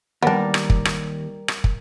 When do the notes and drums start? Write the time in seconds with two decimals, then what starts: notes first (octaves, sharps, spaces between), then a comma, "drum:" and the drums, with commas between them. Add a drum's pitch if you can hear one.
0.22 D#2 G3 B3 D4 A#4 D5
0.54 drum: rim click
0.70 drum: kick
0.85 drum: rim click
1.48 drum: rim click
1.64 drum: kick